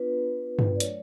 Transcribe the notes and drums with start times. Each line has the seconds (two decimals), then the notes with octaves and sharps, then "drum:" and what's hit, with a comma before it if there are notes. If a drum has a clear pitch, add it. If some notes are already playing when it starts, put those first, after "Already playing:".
Already playing: B3 D4 F4 B4
0.59 drum: tom G2
0.76 D5
0.80 F#3 A3 D4 C#5, drum: hi-hat